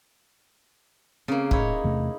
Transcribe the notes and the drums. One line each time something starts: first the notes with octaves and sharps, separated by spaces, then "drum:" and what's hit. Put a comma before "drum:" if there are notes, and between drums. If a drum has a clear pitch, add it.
C#3 A#3 C4
A2 D#4 E4 C#5, drum: kick
E2 C3 A3